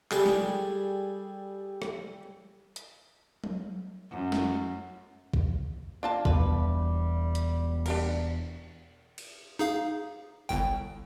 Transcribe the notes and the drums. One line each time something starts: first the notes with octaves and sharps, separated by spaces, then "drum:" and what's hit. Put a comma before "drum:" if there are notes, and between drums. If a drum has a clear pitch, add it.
G3 G#4 A4, drum: clap
drum: snare
drum: rim click
drum: hi-hat
drum: tom F#3
F#2
drum: snare
drum: kick
A#3 D4 F4 A5
E1 E2 B2 G3 A#3 B4, drum: kick
drum: hi-hat
D4 G4 A#4, drum: cymbal
drum: cymbal
D#4 G#4 F5
G1 C2 G5